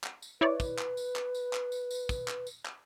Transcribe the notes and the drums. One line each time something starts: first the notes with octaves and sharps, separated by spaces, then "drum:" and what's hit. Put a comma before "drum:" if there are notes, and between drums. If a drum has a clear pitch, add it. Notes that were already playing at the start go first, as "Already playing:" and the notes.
drum: clap
drum: tambourine
E4 B4 C#5 D5
drum: kick, tambourine
drum: clap
drum: tambourine
drum: clap
drum: tambourine
drum: clap
drum: tambourine
drum: tambourine
drum: kick, tambourine
drum: clap
drum: tambourine
drum: clap